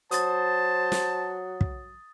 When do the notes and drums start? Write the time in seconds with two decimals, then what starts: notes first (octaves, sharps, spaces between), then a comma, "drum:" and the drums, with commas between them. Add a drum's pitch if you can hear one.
0.11 F#3 C5 A5 D#6 A6, drum: hi-hat
0.92 drum: snare
1.61 drum: kick